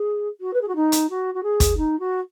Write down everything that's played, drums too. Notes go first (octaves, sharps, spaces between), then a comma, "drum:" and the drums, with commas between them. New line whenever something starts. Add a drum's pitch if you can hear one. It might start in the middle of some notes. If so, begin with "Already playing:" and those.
Already playing: G#4
F#4
B4
G#4
F#4
D#4
drum: hi-hat
F#4
F#4
G#4
drum: kick, hi-hat
D#4
F#4